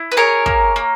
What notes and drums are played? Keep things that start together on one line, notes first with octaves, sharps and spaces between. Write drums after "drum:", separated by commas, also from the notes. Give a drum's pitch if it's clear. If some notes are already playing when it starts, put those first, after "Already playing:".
Already playing: E4
B4
G#4 A#4 C#5
A#3, drum: kick
A#3